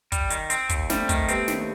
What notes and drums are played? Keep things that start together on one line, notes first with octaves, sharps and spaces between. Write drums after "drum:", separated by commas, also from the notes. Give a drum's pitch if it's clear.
G3, drum: kick, hi-hat
D#3, drum: hi-hat
C4, drum: hi-hat
D#2, drum: kick, hi-hat
G3 A3 C4, drum: snare
D#3, drum: kick, hi-hat
G3 B3 C4, drum: hi-hat
D#2, drum: snare